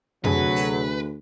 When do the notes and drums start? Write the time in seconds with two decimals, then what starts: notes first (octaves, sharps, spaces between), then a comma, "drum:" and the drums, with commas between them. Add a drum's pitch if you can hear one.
0.25 D2 C3 F#3 G#4 A4 B4, drum: tom F2
0.56 drum: open hi-hat